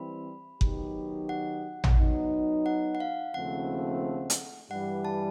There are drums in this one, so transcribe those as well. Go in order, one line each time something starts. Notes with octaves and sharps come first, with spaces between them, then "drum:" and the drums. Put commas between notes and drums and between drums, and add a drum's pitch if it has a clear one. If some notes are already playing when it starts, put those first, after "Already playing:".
Already playing: E3 G3 C4 E4 B5
D#3 F#3 B3 D#4 G4, drum: kick F#1
F#5
drum: tom
F#3 B3 D#4
F#5
F#5
F5
D#2 C#3 F3 A3 C4 F#5
drum: hi-hat
G2 E3 G3 F#5
A5